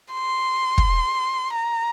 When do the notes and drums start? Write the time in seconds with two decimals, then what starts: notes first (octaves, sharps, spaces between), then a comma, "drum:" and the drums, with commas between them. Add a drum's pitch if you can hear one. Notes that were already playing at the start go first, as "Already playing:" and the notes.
0.13 C6
0.78 drum: kick
1.54 A#5